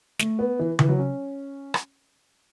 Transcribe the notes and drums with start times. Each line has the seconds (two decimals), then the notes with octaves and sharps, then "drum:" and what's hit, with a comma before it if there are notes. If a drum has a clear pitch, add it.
0.19 A3, drum: snare
0.39 B3
0.59 E3
0.79 E3, drum: tom C#3
0.89 F#3
0.99 C#4
1.74 drum: rim click